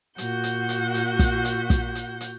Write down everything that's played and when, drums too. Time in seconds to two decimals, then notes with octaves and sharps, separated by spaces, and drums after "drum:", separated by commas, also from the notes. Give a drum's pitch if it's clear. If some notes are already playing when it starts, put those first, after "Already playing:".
0.18 A#2 F#4 F#5 G6, drum: hi-hat
0.43 drum: hi-hat
0.69 drum: hi-hat
0.94 drum: hi-hat
1.19 drum: kick, hi-hat
1.45 drum: hi-hat
1.70 drum: kick, hi-hat
1.95 drum: hi-hat
2.21 drum: hi-hat